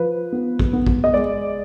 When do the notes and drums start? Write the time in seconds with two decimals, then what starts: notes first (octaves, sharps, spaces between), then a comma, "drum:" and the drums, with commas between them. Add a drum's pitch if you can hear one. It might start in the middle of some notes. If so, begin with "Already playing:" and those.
Already playing: F3 B4
0.32 B3
0.59 drum: kick A1
0.73 B3
0.87 drum: kick A1
1.04 D#5
1.14 G#3 D5